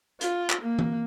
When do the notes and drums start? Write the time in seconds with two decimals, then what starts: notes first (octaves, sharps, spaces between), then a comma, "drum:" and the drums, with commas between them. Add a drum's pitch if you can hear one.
0.21 F4, drum: hi-hat
0.50 drum: clap
0.62 A#3
0.79 drum: tom E3